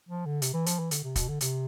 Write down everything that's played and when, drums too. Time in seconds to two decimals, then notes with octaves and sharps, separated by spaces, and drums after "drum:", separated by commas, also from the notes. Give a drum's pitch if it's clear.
0.09 F3
0.26 D3
0.42 C3, drum: hi-hat
0.53 E3
0.66 F3, drum: hi-hat
0.79 E3
0.91 D3, drum: hi-hat
1.03 C3
1.16 B2, drum: kick, hi-hat
1.28 D3
1.41 C3, drum: hi-hat